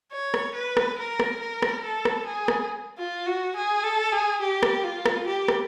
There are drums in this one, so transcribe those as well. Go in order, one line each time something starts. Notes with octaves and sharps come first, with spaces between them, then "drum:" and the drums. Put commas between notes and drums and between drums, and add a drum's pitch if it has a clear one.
C#5
drum: rim click
B4
drum: rim click
A#4
drum: rim click
A#4
drum: rim click
A4
drum: rim click
G#4
drum: rim click
F4
F#4
G#4
A4
G#4
G4
drum: rim click
F4
drum: rim click
G4
drum: rim click